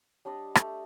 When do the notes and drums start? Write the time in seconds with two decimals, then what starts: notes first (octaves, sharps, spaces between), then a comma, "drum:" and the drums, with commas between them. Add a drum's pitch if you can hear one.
0.25 G3 D4 D5 D#5
0.55 A3 G4, drum: rim click